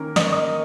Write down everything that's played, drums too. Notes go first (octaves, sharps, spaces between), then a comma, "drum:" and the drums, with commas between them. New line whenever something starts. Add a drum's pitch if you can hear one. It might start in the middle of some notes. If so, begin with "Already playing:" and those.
Already playing: D#3 A#3 C#4 A#4
D#5 D#6, drum: snare
C#6
D#5 D#6